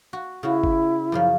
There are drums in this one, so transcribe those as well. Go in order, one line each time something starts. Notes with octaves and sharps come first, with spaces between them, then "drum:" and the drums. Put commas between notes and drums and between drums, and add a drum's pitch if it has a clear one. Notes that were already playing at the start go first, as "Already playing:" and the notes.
F#4
C#3 E4 F#4
drum: kick
F#2 C#3 F3